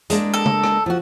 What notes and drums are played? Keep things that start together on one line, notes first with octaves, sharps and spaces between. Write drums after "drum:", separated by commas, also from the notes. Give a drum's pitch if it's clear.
G#3 A#3 D4, drum: hi-hat
A4
drum: tom C#3
drum: rim click
F3 F#4